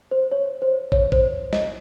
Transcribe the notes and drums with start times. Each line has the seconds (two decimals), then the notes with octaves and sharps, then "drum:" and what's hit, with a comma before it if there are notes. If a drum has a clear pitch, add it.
0.11 C5
0.32 C#5
0.62 C5
0.92 C#5, drum: kick
1.12 C5, drum: kick
1.53 D#5, drum: snare